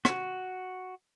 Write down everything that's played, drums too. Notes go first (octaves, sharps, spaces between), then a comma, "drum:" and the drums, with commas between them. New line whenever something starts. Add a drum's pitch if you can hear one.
F#4, drum: rim click